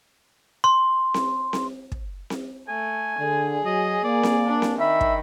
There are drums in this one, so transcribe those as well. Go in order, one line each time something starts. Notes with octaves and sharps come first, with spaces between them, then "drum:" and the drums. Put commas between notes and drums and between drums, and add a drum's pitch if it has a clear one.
C6
drum: snare C4
drum: snare C4
drum: kick
drum: snare C4
A3 G#5
D3 G#4
F#3 D#5
A#3 D5
drum: snare C4
D4
drum: snare C4
D#3 E5 B5
drum: kick